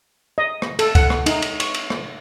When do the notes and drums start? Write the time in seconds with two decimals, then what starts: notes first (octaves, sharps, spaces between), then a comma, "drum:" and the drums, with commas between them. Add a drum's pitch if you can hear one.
0.38 D#5
0.62 drum: rim click
0.79 A4, drum: cymbal
0.95 F#5, drum: kick C#2, cymbal
1.10 drum: rim click
1.26 D#4, drum: cymbal
1.42 drum: cymbal
1.60 C#6, drum: cymbal
1.74 drum: cymbal
1.90 drum: rim click